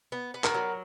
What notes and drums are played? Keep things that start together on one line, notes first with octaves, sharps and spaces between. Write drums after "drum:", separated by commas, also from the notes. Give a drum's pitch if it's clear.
B3
B3
A#4, drum: clap
F#3